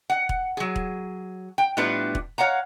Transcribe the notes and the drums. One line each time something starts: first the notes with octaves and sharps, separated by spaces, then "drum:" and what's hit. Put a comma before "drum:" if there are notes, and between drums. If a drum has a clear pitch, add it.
F#5
drum: kick E1
F#3 G#4
drum: kick E1
G5
A2 G3 B3 D4 F4 B4
drum: kick E1
C#5 F5 F#5 A#5